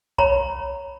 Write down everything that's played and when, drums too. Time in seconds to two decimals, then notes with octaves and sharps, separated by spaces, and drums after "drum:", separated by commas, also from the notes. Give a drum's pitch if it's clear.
0.18 C#5 A#5 B5, drum: kick B1